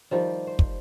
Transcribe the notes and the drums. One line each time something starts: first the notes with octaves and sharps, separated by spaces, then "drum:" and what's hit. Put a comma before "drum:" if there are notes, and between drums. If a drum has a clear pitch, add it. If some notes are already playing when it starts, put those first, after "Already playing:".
D#3 F3 G3
C5
drum: kick